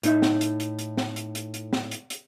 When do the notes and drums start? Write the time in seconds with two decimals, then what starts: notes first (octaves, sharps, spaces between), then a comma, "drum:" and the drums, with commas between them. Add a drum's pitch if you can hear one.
0.03 A2 D#4 E5, drum: hi-hat
0.22 drum: snare
0.41 drum: hi-hat
0.60 drum: hi-hat
0.79 drum: hi-hat
0.97 drum: snare
1.16 drum: hi-hat
1.35 drum: hi-hat
1.54 drum: hi-hat
1.73 drum: snare
1.91 drum: hi-hat
2.10 drum: hi-hat